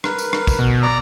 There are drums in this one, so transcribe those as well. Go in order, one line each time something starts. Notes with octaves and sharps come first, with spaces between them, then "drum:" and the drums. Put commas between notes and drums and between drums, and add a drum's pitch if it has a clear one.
A#4 B4, drum: rim click
drum: tambourine
drum: rim click
drum: kick, tambourine
B2
D5 A#5